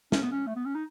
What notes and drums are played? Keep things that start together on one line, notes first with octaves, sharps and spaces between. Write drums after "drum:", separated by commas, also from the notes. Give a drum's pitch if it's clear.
C#4, drum: snare
B3
C#4
A3
B3
C#4
D#4